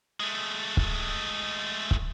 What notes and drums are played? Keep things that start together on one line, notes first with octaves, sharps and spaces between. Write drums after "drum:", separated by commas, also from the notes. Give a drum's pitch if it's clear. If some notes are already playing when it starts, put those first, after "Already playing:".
G#3 A3
drum: kick
drum: kick